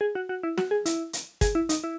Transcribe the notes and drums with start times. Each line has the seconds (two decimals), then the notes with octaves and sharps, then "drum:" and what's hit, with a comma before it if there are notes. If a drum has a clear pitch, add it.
0.01 G#4
0.15 F#4
0.29 F#4
0.43 E4
0.58 F#4, drum: snare
0.71 G#4
0.86 E4, drum: hi-hat
1.13 drum: hi-hat
1.41 G#4, drum: kick, hi-hat
1.55 E4
1.69 D#4, drum: hi-hat
1.84 E4